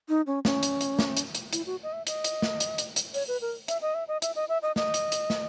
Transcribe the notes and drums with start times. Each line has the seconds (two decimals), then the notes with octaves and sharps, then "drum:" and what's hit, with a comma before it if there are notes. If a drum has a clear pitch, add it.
0.09 D#4
0.27 C#4
0.45 C#4, drum: snare
0.63 drum: hi-hat
0.81 drum: hi-hat
0.99 drum: snare
1.17 drum: hi-hat
1.35 drum: hi-hat
1.53 E4, drum: hi-hat
1.66 F#4
1.83 D#5
1.93 E5
2.07 D#5, drum: hi-hat
2.24 drum: hi-hat
2.42 drum: snare
2.60 drum: hi-hat
2.78 drum: hi-hat
2.96 drum: hi-hat
3.14 C#5, drum: open hi-hat
3.28 B4
3.41 A#4
3.68 E5, drum: hi-hat
3.82 D#5
3.95 E5
4.08 D#5
4.22 E5, drum: hi-hat
4.36 D#5
4.49 E5
4.62 D#5
4.76 D#5, drum: snare
4.94 drum: hi-hat
5.12 drum: hi-hat
5.30 drum: snare